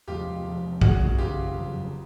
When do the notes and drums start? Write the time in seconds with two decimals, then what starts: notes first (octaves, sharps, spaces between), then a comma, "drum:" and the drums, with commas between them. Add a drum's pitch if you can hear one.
0.08 E2 C3 F3 G#3 F4 G4
0.44 E2 C3 F3 G#3
0.81 G1 F#2 C#3 E3 F#4 G#4, drum: kick
1.18 G1 F#2 C#3 E3 F4 G4
1.55 G1 F2 C#3 F#3